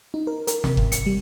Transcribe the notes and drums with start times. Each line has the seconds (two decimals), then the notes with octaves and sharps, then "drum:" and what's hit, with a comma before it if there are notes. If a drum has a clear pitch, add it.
0.14 D#4
0.27 A#4
0.47 A#4, drum: hi-hat
0.64 C3, drum: snare
0.77 G#1, drum: kick F1
0.92 C#7, drum: hi-hat
1.06 G3